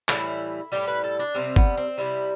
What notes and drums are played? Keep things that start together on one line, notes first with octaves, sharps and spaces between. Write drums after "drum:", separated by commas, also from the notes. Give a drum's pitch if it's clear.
A2 E3 G3 E4, drum: clap
A2 E3 G3 G4
B4
A4
D4
C3 G3 C4
B3, drum: kick
C4
C3 G3 E4